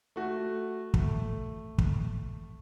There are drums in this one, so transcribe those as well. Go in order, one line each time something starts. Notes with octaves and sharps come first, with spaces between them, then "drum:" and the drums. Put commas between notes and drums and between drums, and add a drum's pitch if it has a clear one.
A3 F#4
A3, drum: kick
drum: kick